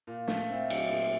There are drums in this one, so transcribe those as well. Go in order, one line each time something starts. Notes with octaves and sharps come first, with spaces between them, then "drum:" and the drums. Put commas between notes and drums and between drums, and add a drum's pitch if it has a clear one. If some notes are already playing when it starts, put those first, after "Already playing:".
A#2 F5
A3, drum: snare
C4 E5
D#5
F#3, drum: cymbal
E5
A#2 E5